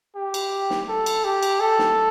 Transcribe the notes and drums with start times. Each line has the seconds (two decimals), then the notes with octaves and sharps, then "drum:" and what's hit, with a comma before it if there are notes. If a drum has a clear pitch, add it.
0.15 G4
0.34 drum: cymbal
0.70 drum: snare
0.88 A4
1.06 drum: cymbal
1.24 G4
1.43 drum: cymbal
1.60 A4
1.79 drum: snare